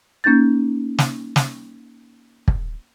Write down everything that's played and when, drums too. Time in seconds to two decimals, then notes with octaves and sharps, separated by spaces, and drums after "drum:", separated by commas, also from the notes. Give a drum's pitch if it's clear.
0.24 A#3 C#4 D#4 G6 A6
0.98 drum: snare
1.36 drum: snare
2.48 drum: kick